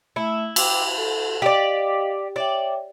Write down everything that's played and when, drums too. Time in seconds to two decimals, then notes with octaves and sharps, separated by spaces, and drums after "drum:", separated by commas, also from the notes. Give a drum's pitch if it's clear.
0.16 A3 E4 E5
0.56 G5 D6 E6, drum: cymbal
0.97 A4
1.42 G4 D5 D#5 F5
2.36 C#5 D5 E5 G5